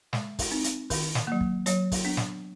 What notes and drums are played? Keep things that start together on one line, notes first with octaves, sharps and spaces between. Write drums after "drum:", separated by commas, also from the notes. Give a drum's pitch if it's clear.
G#3, drum: snare
drum: kick, open hi-hat
C4 D#4
drum: hi-hat
D#3, drum: kick, open hi-hat
drum: snare
F#3 A#3
drum: kick
F#3 C#5, drum: hi-hat
drum: kick, open hi-hat
B3 D4
drum: snare